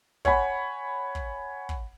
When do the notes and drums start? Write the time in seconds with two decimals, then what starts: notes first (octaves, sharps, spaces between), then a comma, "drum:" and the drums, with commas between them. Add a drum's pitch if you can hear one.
0.25 C#5 F#5 G#5 B5, drum: kick
1.15 drum: kick
1.69 drum: kick